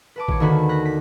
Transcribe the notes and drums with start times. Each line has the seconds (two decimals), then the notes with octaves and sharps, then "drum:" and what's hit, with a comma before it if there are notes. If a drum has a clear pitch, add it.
0.16 B4 A5 D6
0.28 D#1 C#5, drum: kick
0.40 D#2 D3 D#3 F#4 B5
0.69 F#6 A#6 B6
0.85 B6